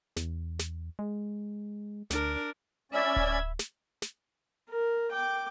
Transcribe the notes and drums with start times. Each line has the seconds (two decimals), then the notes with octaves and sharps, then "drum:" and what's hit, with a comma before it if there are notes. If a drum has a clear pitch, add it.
0.16 E2, drum: snare
0.59 drum: snare
0.99 G#3
2.10 D2 D4 A#4, drum: snare
2.92 C#4 D5 E5 B5 G#6
3.16 drum: kick D1
3.59 drum: snare
4.02 drum: snare
4.69 A#4
5.12 G5 D6